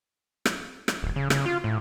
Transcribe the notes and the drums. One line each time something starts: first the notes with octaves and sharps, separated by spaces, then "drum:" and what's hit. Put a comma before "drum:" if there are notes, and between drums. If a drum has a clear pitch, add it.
drum: rim click
drum: rim click
D1
C#3
C#3, drum: rim click
F4
A2